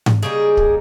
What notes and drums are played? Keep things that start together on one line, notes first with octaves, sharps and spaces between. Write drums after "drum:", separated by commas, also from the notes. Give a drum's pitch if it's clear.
drum: tom G#2
C#3 G3 A#3 D#4 G#4
drum: kick